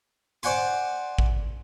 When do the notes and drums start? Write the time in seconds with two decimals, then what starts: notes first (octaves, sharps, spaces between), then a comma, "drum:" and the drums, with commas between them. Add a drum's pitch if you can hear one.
0.43 C5 D5 F#5 G#5 C6, drum: hi-hat
1.18 drum: kick G#1